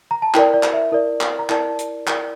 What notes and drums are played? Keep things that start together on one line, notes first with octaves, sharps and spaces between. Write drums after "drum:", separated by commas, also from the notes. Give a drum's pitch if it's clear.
A#5
A5
E4 A#4 D5 G5, drum: clap
D5
drum: clap
E5
E4 A#4 D5
drum: clap
A#5
E4 A#4 D5 A5, drum: clap
drum: hi-hat
E4 A#4 D5, drum: clap